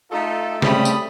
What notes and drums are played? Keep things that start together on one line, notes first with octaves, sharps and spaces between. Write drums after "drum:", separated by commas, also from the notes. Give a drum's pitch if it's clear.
A3 D#4 F4 A4
C#3 G3 A3 C4 B5 D#6, drum: snare
drum: tambourine